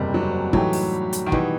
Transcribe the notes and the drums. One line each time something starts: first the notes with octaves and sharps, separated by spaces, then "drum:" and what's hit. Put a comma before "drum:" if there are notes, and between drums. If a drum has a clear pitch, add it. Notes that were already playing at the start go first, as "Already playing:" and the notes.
Already playing: F#1 E2 C3 G3
F#3
A2 E3 F#3 A3 D#4 G4, drum: kick
drum: open hi-hat
drum: hi-hat
D#3
B2 E3 G3 B3 D#4 G4, drum: kick